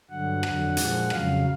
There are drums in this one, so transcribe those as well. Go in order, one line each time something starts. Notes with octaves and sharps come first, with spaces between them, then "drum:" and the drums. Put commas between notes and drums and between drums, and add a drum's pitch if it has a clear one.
G2 D3 F#3 F#5
F2 D3 F#3, drum: rim click
A#2 F3 G#3, drum: hi-hat
F2 C#3 F#3 F5, drum: rim click